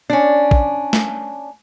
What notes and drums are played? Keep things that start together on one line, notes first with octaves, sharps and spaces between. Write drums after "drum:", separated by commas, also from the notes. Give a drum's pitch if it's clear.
C#4 D4
drum: kick
drum: snare